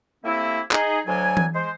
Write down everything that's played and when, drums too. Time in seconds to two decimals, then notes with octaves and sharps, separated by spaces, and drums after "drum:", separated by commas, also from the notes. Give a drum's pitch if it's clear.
0.24 C3 A3 A#3 C4 E4
0.71 D#4 G#4, drum: clap
1.06 D2 F#3 G#5
1.37 drum: tom E3
1.54 G#3 C5